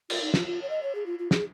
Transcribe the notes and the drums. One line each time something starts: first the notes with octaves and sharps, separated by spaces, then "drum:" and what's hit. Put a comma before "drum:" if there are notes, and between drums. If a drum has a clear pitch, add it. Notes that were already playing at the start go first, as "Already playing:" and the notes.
F4, drum: cymbal
D#4
F4, drum: snare
F4
C#5
D#5
C#5
G#4
F4
F4
G#4, drum: snare